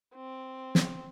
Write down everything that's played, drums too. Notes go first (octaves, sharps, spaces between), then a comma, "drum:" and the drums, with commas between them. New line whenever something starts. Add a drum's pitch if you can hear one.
C4
drum: snare